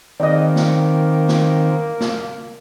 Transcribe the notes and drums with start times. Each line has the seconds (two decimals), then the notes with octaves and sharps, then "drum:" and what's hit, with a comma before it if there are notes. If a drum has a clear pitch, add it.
0.20 D#3 A#3 C4 D5 D#5
0.56 drum: snare
1.28 drum: snare
2.00 drum: snare